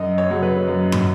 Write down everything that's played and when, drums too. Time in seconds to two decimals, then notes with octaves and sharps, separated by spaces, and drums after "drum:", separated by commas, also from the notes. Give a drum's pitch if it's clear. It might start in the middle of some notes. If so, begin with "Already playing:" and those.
Already playing: F#2 D#5
0.18 C#5
0.30 C#3 F#3
0.43 B4
0.67 F#2
0.92 drum: tom